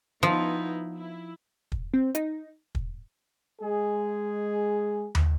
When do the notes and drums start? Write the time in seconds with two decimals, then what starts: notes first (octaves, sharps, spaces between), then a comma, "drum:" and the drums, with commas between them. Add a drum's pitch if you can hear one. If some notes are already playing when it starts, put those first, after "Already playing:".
0.23 F3 B3 D#4 E4
0.96 E4
1.72 drum: kick
1.94 C4
2.15 D#4, drum: hi-hat
2.75 drum: kick
3.62 G#3 G#4
5.15 drum: tom D#2